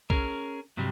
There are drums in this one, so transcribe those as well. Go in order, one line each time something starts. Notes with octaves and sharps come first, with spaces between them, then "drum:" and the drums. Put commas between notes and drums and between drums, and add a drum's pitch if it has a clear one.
C#4 G#4 A#4, drum: kick
G2 C3 F#3 G3